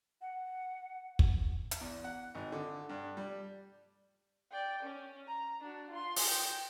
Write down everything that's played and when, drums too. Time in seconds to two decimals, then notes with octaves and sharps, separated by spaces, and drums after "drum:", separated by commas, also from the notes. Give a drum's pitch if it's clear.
0.21 F#5
1.19 drum: kick
1.71 drum: hi-hat
1.81 E2
2.04 F#5
2.35 G#1
2.52 D3
2.89 G2
3.17 G3
4.51 D5 G5
4.82 C#4
5.27 A#5
5.60 D4 F#4
5.91 F4 C6
6.16 drum: open hi-hat
6.28 G5